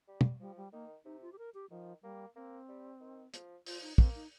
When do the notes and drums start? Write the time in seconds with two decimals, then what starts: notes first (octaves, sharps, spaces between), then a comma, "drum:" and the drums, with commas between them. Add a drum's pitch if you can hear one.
0.08 G3
0.21 drum: tom
0.40 F3 G3
0.57 G3
0.73 D#3 A#3
1.05 C3 D#4
1.22 F4
1.33 G4
1.38 A#4
1.54 G4
1.71 D#3 F3
2.03 G3 A#3
2.36 A#3 C4
2.68 G3
3.00 D#3
3.34 F3, drum: hi-hat
3.66 F3 F4, drum: open hi-hat
3.82 D#4
3.98 A#3 C4, drum: kick
4.15 D#4